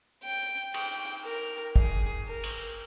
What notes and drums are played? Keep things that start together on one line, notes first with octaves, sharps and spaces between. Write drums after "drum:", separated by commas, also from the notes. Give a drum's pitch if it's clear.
G5
G5, drum: cymbal
A#4
G#4, drum: kick
A#4
drum: cymbal